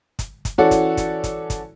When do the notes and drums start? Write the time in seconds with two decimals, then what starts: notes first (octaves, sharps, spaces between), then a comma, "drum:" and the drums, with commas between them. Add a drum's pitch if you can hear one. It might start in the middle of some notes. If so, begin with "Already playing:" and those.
0.19 drum: kick, hi-hat
0.45 drum: kick, hi-hat
0.58 E3 C#4 F#4 A4 D5
0.71 drum: kick, hi-hat
0.97 drum: kick, hi-hat
1.24 drum: kick, hi-hat
1.50 drum: kick, hi-hat